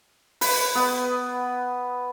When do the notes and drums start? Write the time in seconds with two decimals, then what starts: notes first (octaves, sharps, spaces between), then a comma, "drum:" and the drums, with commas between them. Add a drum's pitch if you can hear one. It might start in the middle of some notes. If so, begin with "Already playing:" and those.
0.41 B4, drum: open hi-hat
0.75 B3